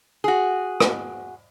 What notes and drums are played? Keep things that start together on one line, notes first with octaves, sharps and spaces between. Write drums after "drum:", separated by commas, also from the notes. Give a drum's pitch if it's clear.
F#4 G#4
drum: rim click